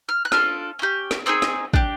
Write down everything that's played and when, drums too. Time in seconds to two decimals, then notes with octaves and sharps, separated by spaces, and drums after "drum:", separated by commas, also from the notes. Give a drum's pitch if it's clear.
0.09 F6
0.25 F#6
0.32 D4 F4 A4 F6, drum: snare
0.79 C#4 E4 G4
1.11 drum: snare
1.26 C4 D#4 G#4 E6
1.42 drum: snare
1.73 D4 G4, drum: kick